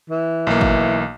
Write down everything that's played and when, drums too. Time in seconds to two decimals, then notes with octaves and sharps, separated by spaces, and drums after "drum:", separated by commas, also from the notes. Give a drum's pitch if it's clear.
0.10 E3
0.47 B1 A#3
0.61 drum: kick G#1